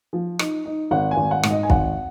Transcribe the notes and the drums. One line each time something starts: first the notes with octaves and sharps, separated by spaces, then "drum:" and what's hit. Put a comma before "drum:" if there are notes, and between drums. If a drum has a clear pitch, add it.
F3
D#4, drum: rim click
D#4
G#1 F#5
G#5
G#1
F#5
G#2, drum: rim click
D#5
G#5
G#1 F#5, drum: kick